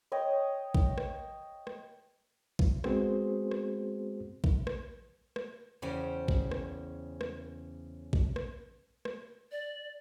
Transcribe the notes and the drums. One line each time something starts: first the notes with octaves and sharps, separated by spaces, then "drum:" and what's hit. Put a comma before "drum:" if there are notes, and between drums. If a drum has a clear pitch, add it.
C#5 D#5 G5
drum: kick A#1
drum: rim click
drum: rim click
drum: kick A#1
G#3 B3 C4 F#4 G#4 C5, drum: rim click
drum: rim click
drum: kick A#1
drum: rim click
drum: rim click
E2 C#3 C#4 C5 G5
drum: kick A#1
drum: rim click
drum: rim click
drum: kick A#1
drum: rim click
drum: rim click
D5